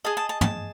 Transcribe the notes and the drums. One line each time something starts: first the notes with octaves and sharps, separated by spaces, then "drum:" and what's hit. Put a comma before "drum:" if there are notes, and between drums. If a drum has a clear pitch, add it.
G#4 D#5 A5
A5
A5
A5, drum: tom